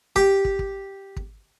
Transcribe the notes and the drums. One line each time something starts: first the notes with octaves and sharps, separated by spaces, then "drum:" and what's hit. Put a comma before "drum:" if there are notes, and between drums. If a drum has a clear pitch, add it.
G4, drum: kick
drum: kick
drum: kick
drum: kick